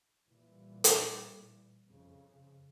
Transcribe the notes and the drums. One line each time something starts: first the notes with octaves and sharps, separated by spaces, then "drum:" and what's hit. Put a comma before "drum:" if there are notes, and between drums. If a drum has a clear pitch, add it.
A#2 E3 G3
drum: hi-hat
F2 C#3